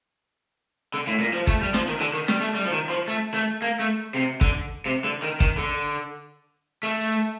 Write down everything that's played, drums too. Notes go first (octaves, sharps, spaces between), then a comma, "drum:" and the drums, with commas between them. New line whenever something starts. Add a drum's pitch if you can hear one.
D3
A2
A#2
F3
A3, drum: kick
G3
F3, drum: snare
D#3
D3, drum: hi-hat
D#3
G3, drum: snare
A3
G3
F3
D#3
F3
A3
A3
A#3
A3
C3
D3, drum: kick
C3
D3
D#3
D#3, drum: kick
D3
A3